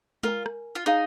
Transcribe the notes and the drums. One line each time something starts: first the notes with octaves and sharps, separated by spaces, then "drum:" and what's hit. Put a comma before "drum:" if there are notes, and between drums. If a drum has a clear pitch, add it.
F4 A#4 G#5, drum: tom G#3
drum: rim click
F4
D#4 G#4 F5 G#5